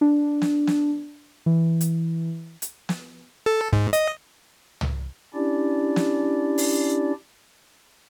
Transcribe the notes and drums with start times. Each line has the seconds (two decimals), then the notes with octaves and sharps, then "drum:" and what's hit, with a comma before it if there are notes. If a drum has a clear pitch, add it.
0.01 D4
0.42 drum: snare
0.67 drum: snare
1.46 E3
1.81 drum: hi-hat
2.62 drum: hi-hat
2.89 drum: snare
3.46 A4
3.73 G#2, drum: kick
3.93 D#5, drum: hi-hat
4.81 drum: tom
5.34 C#4 D4 E4 G4 D5
5.96 drum: snare
6.58 drum: open hi-hat